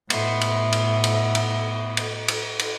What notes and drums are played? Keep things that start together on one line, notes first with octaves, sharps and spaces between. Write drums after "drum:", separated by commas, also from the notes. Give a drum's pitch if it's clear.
A2 B3 C5 E5, drum: cymbal
drum: cymbal
drum: cymbal
drum: cymbal
drum: cymbal
drum: cymbal
drum: cymbal
drum: cymbal